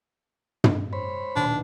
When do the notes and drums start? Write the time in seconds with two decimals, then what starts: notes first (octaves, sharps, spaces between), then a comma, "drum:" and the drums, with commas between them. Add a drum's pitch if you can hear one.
0.64 drum: tom
0.93 C5 C#5 B5
1.36 D#1 B2 D4 C7